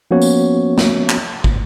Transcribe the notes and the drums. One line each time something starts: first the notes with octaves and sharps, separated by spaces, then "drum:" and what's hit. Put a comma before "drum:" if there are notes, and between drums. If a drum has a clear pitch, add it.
F3 A#3 B3 C#4 F#4 C#5
drum: tambourine
drum: snare
drum: clap
drum: kick